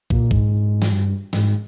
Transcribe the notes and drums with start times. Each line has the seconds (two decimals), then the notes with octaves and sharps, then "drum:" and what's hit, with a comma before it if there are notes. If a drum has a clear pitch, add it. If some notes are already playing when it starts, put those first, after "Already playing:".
0.10 A#2, drum: kick
0.31 G#2, drum: kick
0.82 drum: snare
0.92 G2
1.33 G#2, drum: snare